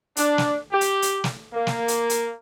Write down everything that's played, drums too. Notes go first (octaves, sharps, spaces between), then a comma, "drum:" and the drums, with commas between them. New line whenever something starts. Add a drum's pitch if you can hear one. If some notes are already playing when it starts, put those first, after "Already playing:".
D4, drum: hi-hat
drum: snare
G4
drum: hi-hat
drum: hi-hat
drum: snare
A#3
drum: snare
drum: hi-hat
drum: hi-hat